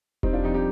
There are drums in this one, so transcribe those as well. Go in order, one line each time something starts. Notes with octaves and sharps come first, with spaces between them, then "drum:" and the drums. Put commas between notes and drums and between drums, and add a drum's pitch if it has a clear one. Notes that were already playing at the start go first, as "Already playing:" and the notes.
G3 C4 D#4, drum: kick E1
D4 F4
F2 D#4 G4
D#4 G4